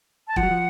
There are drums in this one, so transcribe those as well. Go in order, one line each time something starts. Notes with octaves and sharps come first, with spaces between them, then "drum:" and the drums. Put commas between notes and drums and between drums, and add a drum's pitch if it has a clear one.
A5
F3 F#5, drum: kick E1
F#3
F3